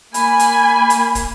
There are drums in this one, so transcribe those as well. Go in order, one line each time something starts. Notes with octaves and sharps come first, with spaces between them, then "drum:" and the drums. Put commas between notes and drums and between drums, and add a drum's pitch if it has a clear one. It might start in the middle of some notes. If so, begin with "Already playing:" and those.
A#3 G#5 B5, drum: hi-hat
drum: hi-hat
drum: hi-hat
drum: kick, hi-hat